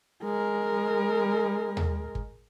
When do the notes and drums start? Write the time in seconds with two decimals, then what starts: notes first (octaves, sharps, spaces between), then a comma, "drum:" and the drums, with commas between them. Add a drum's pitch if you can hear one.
0.23 G#3 A#4
1.77 drum: tom D#2
2.15 drum: kick